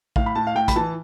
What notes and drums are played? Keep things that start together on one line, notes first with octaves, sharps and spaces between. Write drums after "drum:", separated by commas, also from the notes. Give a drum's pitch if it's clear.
A2 F5, drum: kick A#1
B5
A2 A5
F5
A2 G5
B5, drum: kick A#1, hi-hat
E3 A5